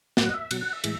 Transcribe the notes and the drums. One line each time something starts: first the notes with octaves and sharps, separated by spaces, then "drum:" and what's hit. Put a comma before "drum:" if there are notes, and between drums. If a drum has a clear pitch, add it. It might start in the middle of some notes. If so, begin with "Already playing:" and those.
A2 F#3 F#5, drum: snare
D#5
E5
B2 F#3 F#5, drum: cymbal
F#5
E5
A2 E3 G#3, drum: cymbal